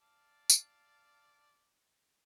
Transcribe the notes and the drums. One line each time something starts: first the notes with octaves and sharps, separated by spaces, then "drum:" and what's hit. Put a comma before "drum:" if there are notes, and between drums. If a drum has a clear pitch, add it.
D5 F5 A5
drum: tambourine